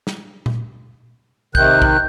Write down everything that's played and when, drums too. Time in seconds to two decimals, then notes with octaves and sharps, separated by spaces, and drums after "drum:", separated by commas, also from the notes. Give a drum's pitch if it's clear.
0.07 drum: snare
0.46 drum: tom A#2
1.55 C3 D#3 F#6 G6, drum: kick
1.82 drum: kick